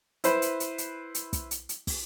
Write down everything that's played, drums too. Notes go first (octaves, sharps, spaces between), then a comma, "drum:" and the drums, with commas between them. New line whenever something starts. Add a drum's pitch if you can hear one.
E4 B4 C5, drum: hi-hat
drum: hi-hat
drum: hi-hat
drum: hi-hat
drum: hi-hat
drum: kick, hi-hat
drum: hi-hat
drum: hi-hat
drum: kick, open hi-hat